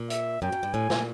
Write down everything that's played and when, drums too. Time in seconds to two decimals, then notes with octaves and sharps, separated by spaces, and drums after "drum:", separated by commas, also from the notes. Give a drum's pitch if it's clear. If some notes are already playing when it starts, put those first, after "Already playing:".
Already playing: A#2
0.10 E5, drum: hi-hat
0.42 F#2 G5
0.52 F#2
0.63 G2
0.73 A2 G#5
0.90 A#2, drum: snare